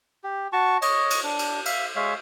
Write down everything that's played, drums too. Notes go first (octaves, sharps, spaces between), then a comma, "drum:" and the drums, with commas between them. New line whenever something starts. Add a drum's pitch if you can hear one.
G4
F#4 A5 C#6
C#5 D#5, drum: cymbal
drum: cymbal
D4
drum: cymbal
E5 F5, drum: cymbal
G#3 C#5 E5 F5